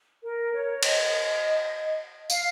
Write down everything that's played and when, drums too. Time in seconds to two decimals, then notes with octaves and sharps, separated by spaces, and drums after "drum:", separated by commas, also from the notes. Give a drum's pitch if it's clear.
0.24 A#4
0.53 C#5
0.83 D#5, drum: cymbal
2.30 F5, drum: tambourine